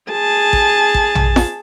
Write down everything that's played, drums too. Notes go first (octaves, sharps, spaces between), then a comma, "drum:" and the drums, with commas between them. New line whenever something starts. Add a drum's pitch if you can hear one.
G#4 A5
drum: kick A1
drum: kick A1
drum: tom A#1
drum: snare F4